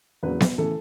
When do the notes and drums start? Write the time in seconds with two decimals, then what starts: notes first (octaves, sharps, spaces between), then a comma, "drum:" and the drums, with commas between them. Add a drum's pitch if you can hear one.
0.23 E2 C#3 F#3 A#3 B4
0.40 drum: snare B3
0.58 C#3 E3 A3 A4